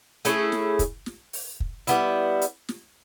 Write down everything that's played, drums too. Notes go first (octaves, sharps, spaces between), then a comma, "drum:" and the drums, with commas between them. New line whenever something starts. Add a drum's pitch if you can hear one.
A3 C#4 E4 G#4, drum: hi-hat
drum: snare
drum: kick, hi-hat
drum: snare
drum: open hi-hat
drum: kick
G3 B3 E4, drum: hi-hat
drum: hi-hat
drum: snare